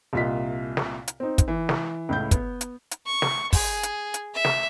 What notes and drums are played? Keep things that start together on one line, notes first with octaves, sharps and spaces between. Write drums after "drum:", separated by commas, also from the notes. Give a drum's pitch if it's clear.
C2 A#2 F4 D#5 B6
drum: snare
drum: hi-hat
C4 D#4
drum: kick, hi-hat
E3
drum: snare
C#2 A2 G6
B3, drum: kick, hi-hat
drum: hi-hat
drum: hi-hat
C#6
drum: snare
G#4, drum: kick, open hi-hat
drum: hi-hat
drum: hi-hat
E5
drum: snare